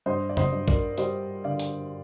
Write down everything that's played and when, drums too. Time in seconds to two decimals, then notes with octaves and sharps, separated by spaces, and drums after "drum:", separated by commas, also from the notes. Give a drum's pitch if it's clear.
0.06 G2 C5 D#5
0.29 D5
0.37 C5 D#5, drum: tom F2
0.52 G2
0.68 A#4 D5, drum: kick
0.98 G3 C5 D#5, drum: hi-hat
1.44 D3 D5 F5
1.60 drum: hi-hat